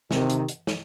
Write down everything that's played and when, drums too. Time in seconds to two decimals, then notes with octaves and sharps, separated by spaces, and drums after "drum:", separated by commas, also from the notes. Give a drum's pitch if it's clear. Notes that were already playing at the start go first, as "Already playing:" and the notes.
0.11 C3 D#3, drum: snare
0.30 drum: hi-hat
0.48 drum: hi-hat
0.67 drum: snare